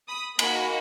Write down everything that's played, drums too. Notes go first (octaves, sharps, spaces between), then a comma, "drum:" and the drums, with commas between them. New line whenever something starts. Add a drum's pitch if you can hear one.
B5 D#6
A#3 D#4 F#4 G#5 B5, drum: cymbal